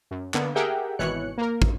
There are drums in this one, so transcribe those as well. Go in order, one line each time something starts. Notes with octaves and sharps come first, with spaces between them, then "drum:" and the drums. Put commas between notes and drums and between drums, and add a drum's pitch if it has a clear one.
F#2
D3 A#3 B3, drum: clap
G4 G#4 A#4 E5 F#5 G5
G#1 B2 E3 C#5 F#6 C#7
A#3 A#4
drum: kick